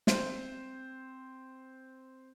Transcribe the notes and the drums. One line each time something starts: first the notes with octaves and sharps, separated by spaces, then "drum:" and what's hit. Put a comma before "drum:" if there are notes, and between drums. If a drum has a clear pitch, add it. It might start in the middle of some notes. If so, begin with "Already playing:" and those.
C4 C5, drum: snare